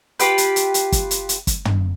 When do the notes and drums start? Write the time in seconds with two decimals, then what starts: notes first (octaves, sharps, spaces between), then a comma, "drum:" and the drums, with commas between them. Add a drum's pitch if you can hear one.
0.19 F4 G4 B4, drum: hi-hat
0.38 drum: hi-hat
0.56 drum: hi-hat
0.74 drum: hi-hat
0.92 drum: kick, hi-hat
1.11 drum: hi-hat
1.29 drum: hi-hat
1.47 drum: kick, hi-hat
1.65 drum: tom